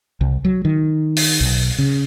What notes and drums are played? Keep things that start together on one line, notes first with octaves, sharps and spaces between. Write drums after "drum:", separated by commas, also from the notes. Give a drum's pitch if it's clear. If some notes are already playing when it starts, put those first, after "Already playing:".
C2
F#3
D#3
drum: open hi-hat
B1
C#3